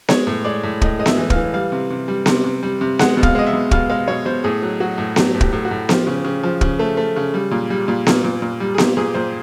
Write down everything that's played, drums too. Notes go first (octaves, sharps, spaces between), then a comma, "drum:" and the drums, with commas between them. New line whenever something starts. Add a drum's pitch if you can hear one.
G#3 C#5, drum: snare B3
A2
G#3 D5
A2
A2 D#5, drum: kick
G#3 D#5
E5, drum: snare B3
E3
F5, drum: kick
E3
G3 F5
C3
C3
G3
C3, drum: snare B3
C3
G3
C3
G#3 F#5, drum: snare B3
B2
F5, drum: kick
G#3 D#5
E5
B2
B2 F5, drum: kick
G#3 F5
B2 C#5
B2 C5
A2 G#4
F#3
F#3 F#4
A2
F#3 G4, drum: snare B3
A2
G4, drum: kick
A2
F#4
A2
F3 G4, drum: snare B3
C#3
C#3
F3
C#3, drum: kick
A3
A3
C#3
G3
A#2
G3
A#2
A#2, drum: snare B3
A#2
A#2
G3
G#4
A#2 G4, drum: snare B3
A#2 G#4
A#2 C5